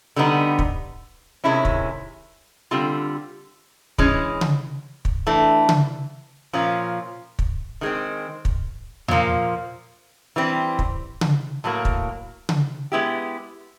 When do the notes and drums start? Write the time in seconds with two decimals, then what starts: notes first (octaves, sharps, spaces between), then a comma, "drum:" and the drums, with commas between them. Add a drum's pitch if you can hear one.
0.16 D3 G3 B3 D#4
0.59 drum: kick
1.44 C3 D#3 G#3 C#4 E4
1.65 drum: kick
2.71 D3 G3 C4 F4
3.98 E3 G#3 C#4, drum: kick
4.41 drum: tom C#3
5.05 drum: kick
5.27 E3 A3 D4
5.69 drum: tom C#3
6.53 A#2 F3 A#3 C#4 F4
7.39 drum: kick
7.81 D#3 G#3 C4
8.45 drum: kick
9.08 A#2 F3 A#3, drum: tom E2
10.36 E3 G3 C4
10.79 drum: kick
11.21 drum: tom C#3
11.64 A2 F#3 A#3
11.85 drum: kick
12.49 drum: tom C#3
12.92 G#3 B3 E4 G4